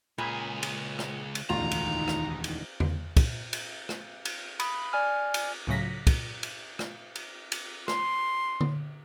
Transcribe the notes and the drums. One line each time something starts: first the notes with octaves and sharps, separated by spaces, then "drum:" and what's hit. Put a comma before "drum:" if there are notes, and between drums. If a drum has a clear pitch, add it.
C#2 A#2 G#4 B5 B6
drum: cymbal
drum: rim click
drum: cymbal
E1 A1 D2 D#3 E3 D#4 F4 A#5
drum: cymbal
drum: rim click
drum: cymbal
drum: tom E2
drum: kick, cymbal
drum: cymbal
drum: rim click
drum: cymbal
B5 D#6, drum: cymbal
D5 G#5 F6
drum: cymbal
C#2 A2 C#3 F#3 A#6 B6
drum: kick, cymbal
drum: cymbal
drum: rim click
drum: cymbal
drum: cymbal
C6, drum: rim click
drum: tom D3